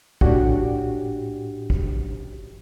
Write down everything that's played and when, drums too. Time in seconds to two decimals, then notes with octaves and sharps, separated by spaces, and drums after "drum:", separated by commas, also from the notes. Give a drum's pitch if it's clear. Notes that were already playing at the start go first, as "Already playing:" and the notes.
0.21 A2 D4 F#4 G4, drum: kick
1.70 drum: kick